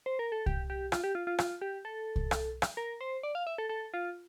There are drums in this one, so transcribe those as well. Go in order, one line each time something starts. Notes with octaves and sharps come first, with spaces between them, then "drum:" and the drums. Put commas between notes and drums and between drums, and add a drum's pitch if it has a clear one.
C5
A#4
A4
G4, drum: kick C2
G4
F4, drum: rim click
G4
F4
F4
F4, drum: rim click
G4
A4
drum: kick C2
drum: rim click
drum: rim click
A#4
C5
D5
F5
E5
A4
A4
F4